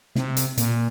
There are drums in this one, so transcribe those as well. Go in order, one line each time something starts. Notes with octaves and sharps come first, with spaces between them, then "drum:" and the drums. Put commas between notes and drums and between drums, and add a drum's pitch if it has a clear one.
C3, drum: snare
drum: hi-hat
A#2, drum: hi-hat